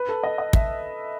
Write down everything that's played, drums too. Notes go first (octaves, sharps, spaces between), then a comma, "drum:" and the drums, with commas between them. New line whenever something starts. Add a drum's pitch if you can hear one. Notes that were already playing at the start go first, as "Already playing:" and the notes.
Already playing: B4
A4
D#5
D#5
E5, drum: kick